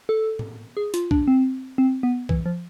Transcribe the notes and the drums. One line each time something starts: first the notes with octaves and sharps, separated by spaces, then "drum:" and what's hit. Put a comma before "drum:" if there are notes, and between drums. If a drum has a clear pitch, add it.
A4
drum: tom
G#4
F4, drum: hi-hat
D4, drum: kick
C4
C4
B3
E3, drum: kick
F3